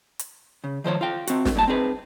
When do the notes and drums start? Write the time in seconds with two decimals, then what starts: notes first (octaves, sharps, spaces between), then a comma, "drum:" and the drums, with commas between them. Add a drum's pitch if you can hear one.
0.19 drum: hi-hat
0.64 C#3
0.84 D#3 F3 C5 C#5
1.01 F4 F5 G5
1.27 C4 F#4, drum: hi-hat
1.45 drum: snare
1.55 G2 A#2 A5
1.68 C4 D#4 G#4 B4